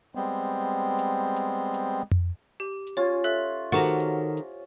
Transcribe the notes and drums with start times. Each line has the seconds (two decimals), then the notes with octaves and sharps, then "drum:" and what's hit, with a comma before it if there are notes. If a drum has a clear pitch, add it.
0.15 G3 G#3 B3 C4
0.99 drum: hi-hat
1.36 drum: hi-hat
1.74 drum: hi-hat
2.11 drum: tom F2
2.60 G4
2.87 drum: hi-hat
2.97 C#4 F4 C#5 A6
3.24 A4 E5 F#6, drum: hi-hat
3.72 D#3 F#4 G4 A4 A#4 C5 A6
3.99 drum: hi-hat
4.37 drum: hi-hat